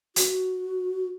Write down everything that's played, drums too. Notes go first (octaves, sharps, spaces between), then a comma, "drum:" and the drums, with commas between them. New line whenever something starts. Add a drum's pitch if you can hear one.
F#4, drum: hi-hat